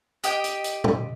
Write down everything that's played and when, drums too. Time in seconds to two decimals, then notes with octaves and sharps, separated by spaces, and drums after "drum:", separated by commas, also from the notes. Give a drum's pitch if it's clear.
0.24 G4 D#5 G5, drum: hi-hat
0.44 drum: hi-hat
0.64 drum: hi-hat
0.84 drum: tom